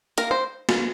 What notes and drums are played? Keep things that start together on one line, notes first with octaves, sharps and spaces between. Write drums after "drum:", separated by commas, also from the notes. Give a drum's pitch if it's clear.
A#3 A#4, drum: hi-hat
C5
drum: snare